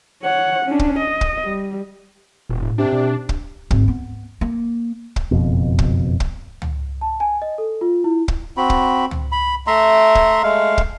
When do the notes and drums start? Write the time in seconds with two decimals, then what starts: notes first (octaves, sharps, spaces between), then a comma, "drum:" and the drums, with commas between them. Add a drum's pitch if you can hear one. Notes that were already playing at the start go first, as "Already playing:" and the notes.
0.23 C#5 F#5
0.65 C#4 D4
0.79 drum: kick
0.99 D#5
1.21 drum: kick
1.45 G3
2.49 E1 A#2
2.62 A2
2.78 C3 D4
2.92 B2
3.29 drum: kick
3.71 G#1 D2, drum: kick
3.88 B3
4.41 A#3
5.16 drum: kick
5.31 F#1 F2 B2
5.79 drum: kick
6.20 drum: kick
6.62 drum: tom
7.01 A5
7.20 G#5
7.42 D#5
7.58 A4
7.81 F4
8.04 E4
8.28 drum: kick
8.57 C4 F#4 B5
8.70 drum: kick
9.11 drum: tom
9.32 B5
9.67 A3 E5 A#5 C6
10.15 drum: kick
10.43 G#3 A3 F5
10.78 drum: kick